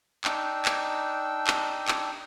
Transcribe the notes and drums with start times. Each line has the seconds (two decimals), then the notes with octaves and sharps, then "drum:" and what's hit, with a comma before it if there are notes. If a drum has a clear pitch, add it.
0.24 D4 D#4 G5 E6, drum: clap
0.65 drum: clap
1.47 drum: clap
1.88 drum: clap